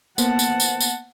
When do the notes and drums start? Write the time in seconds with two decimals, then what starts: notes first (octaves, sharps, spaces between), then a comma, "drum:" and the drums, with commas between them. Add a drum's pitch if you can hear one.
0.18 A#3 B3 C5 F#5 A5, drum: tambourine
0.39 drum: tambourine
0.60 drum: tambourine
0.81 drum: tambourine